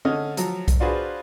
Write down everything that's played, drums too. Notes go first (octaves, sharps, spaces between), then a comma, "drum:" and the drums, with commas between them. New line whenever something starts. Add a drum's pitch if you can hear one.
D3 C#4 A4 D#5 F6
F3 F#3, drum: hi-hat
drum: kick B1, hi-hat
D4 F4 F#4 G#4 B4 C5